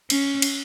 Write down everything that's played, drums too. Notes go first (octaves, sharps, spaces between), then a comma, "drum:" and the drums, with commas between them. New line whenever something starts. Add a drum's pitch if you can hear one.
C#4, drum: cymbal
drum: cymbal